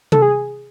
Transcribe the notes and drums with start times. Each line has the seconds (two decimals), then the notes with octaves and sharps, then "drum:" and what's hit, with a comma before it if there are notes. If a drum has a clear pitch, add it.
0.12 A4, drum: tom C3
0.22 G#4